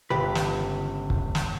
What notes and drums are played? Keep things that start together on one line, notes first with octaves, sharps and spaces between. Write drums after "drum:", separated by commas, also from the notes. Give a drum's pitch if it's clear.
G1 C#2 G4 B4
drum: snare
drum: kick
drum: snare